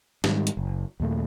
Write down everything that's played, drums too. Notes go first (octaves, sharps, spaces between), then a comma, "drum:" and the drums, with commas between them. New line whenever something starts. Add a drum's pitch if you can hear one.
G#2 D#3 G3, drum: snare
drum: hi-hat
F#1
D#2 A#2 A3